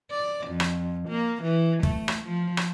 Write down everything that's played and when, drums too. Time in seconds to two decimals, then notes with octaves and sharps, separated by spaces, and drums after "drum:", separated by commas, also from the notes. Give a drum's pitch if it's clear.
0.11 D5
0.47 F2
0.60 drum: rim click
1.09 A#3
1.43 E3
1.83 A3, drum: kick
2.08 drum: rim click
2.25 F3
2.57 drum: rim click